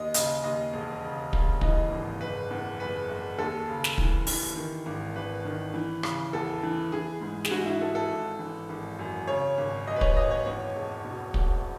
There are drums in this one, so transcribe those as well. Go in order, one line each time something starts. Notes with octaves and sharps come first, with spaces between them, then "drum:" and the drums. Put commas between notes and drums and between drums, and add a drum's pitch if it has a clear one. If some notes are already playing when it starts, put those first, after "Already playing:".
Already playing: D#2 D#5
C#3 D#5, drum: hi-hat
D#2 D#5
E1
C#3
C#3, drum: kick
E3 D#5, drum: kick
G#1
F#1 B4
E2
F#1 B4
F#1
D#2 A4
C#3
drum: snare
E3, drum: kick
E3, drum: open hi-hat
D#3
G#1
G#1 B4
D#3
E3
C#3, drum: rim click
E2 A4
E3
E3 G#4
G#2
G#4, drum: snare
G#2 F#4
E4
G#2 A4
A4
G#1
E3
G#1
F#2
C#3 C#5
G#1
F#2 D#5
B4
C#5, drum: kick
G#1 D#5
C#5
E2 C#5
E1
B2
E1, drum: kick